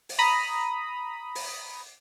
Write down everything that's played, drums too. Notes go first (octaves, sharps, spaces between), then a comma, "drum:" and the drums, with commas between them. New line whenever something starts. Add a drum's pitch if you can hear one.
drum: open hi-hat
A#5 B5 D#6
drum: open hi-hat